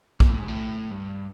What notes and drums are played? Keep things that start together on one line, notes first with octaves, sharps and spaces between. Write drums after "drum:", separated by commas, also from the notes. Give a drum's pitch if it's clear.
A#2, drum: kick
A2
G#2
A2
G2